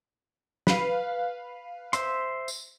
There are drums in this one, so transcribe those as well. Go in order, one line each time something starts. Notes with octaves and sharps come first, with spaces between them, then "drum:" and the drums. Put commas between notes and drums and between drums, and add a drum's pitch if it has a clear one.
B4 F5, drum: snare
C5 E5 C6, drum: hi-hat
drum: tambourine